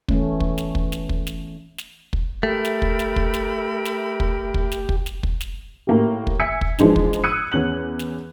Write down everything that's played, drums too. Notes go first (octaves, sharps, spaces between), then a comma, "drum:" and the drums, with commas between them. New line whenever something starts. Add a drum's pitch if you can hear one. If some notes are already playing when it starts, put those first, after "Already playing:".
E3 A3 C#4, drum: kick
drum: kick
drum: snare
drum: kick
drum: snare
drum: kick
drum: snare
drum: snare
drum: kick
A3 G4 A#4 E5 B5
drum: snare
drum: kick
drum: snare
drum: kick
drum: snare
drum: snare
drum: kick
drum: kick
drum: snare
drum: kick
drum: snare
drum: kick
drum: snare
A2 A#3 G4
drum: kick
E5 G#5 E6 G#6 B6 C#7
drum: kick
E3 F3 G#3 D4 D#4, drum: snare
drum: kick
drum: snare
D#6 E6 F#6 G#6 C#7 D#7
E2 C#4 F#6 F#7
drum: snare